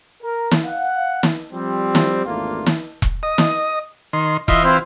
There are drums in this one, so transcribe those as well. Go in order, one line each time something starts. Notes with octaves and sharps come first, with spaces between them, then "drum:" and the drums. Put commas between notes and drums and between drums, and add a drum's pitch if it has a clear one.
A#4
drum: snare
F5 F#5
drum: snare
F3 G3 C4
drum: snare
G#1 E2 A3 A#3 D4 F4
drum: snare
drum: kick E1
D#5
drum: snare
D#3 C6
E3 F4 D#5 E5 C6, drum: kick E1
C4 E4 C5